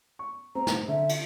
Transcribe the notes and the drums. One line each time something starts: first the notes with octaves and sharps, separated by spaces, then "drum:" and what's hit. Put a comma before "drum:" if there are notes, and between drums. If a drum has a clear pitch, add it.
C#6
C4 A#5
drum: snare
D3 E5
drum: cymbal